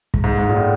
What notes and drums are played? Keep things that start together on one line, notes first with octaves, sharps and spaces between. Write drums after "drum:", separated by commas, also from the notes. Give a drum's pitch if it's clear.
drum: kick
G#2
G#2
A#2
A2